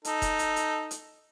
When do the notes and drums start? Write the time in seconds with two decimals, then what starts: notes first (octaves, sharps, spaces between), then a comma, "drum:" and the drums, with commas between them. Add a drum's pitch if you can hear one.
0.05 D#4 A4, drum: hi-hat
0.22 drum: kick E1, hi-hat
0.39 drum: hi-hat
0.56 drum: hi-hat
0.91 drum: hi-hat